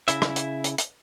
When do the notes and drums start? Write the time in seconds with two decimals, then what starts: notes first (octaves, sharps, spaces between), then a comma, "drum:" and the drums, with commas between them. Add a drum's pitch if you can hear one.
0.08 C#3 E4 E5, drum: hi-hat
0.22 drum: rim click
0.36 drum: hi-hat
0.64 drum: hi-hat
0.78 drum: hi-hat